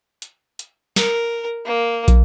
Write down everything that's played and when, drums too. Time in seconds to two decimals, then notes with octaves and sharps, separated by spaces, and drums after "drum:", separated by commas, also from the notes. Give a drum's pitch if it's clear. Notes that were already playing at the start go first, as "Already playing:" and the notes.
0.22 drum: hi-hat
0.59 drum: hi-hat
0.96 A#4, drum: snare
1.65 A#3
2.08 drum: kick, hi-hat